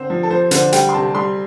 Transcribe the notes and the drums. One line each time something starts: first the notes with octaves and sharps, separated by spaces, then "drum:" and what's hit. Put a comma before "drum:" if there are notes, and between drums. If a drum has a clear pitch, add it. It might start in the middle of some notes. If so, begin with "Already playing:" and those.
Already playing: D3 C4 C5
F3
A4
F3 C5
D3 C5, drum: hi-hat
G3 G5, drum: hi-hat
C6
C3 A5
G3 C6